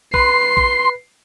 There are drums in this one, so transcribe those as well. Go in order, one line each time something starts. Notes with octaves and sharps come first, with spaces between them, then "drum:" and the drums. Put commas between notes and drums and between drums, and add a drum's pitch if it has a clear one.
B4 C6 C7, drum: kick
drum: kick